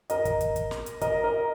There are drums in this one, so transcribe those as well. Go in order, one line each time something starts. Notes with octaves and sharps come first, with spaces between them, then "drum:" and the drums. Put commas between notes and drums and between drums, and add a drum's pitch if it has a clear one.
A#4 D#5, drum: hi-hat
drum: kick, hi-hat
drum: kick, hi-hat
drum: kick, hi-hat
drum: snare
drum: hi-hat
A#4 D#5, drum: kick, hi-hat
A#4 D#5